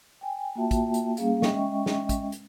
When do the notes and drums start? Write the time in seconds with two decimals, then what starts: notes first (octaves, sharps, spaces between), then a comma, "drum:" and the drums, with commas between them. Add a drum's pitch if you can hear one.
0.21 G5 G#5
0.55 A#3 F4 F#4 E5 G5 A5
0.71 drum: kick, hi-hat
0.94 drum: hi-hat
1.17 G3 A#3 C#4 G#4 F5, drum: hi-hat
1.42 G#3 C#4 D#5 E5 G5 C#6, drum: snare
1.86 drum: snare
2.09 drum: kick, hi-hat
2.32 drum: hi-hat